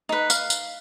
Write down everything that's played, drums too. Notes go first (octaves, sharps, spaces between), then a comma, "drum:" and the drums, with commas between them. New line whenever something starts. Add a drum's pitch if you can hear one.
D#4 B4
F5, drum: tambourine
drum: tambourine